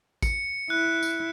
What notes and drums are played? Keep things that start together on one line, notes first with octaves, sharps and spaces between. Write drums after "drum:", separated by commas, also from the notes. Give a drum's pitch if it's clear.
C#7, drum: kick A1, tambourine
E4 F#6
drum: tambourine